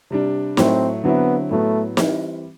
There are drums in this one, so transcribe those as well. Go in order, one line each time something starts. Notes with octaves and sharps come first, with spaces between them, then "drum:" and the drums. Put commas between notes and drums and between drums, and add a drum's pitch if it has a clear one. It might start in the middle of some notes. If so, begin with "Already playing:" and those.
C3 G3 D4
A2 F#3 A3 C4, drum: snare
D3 F#3 B3 C4 E4
A2 F#3 A3 B3
E3 G3 C4 E4, drum: snare